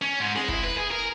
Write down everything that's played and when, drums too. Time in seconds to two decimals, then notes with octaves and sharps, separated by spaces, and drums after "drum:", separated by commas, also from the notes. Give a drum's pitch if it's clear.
0.02 C#4
0.20 G#2
0.35 G#3, drum: snare C4
0.48 E4, drum: kick
0.64 B4
0.77 G#4
0.91 A#4